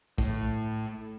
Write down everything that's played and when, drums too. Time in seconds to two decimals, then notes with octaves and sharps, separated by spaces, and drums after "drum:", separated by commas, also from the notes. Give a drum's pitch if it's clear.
0.18 A2, drum: kick A#1